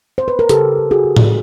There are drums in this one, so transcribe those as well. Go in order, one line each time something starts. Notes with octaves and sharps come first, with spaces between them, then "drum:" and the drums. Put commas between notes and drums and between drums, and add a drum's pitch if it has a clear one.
C5
B4
A#4
C#3 G4 A4, drum: hi-hat
C#3
F#4 G#4
C#3
drum: tom A2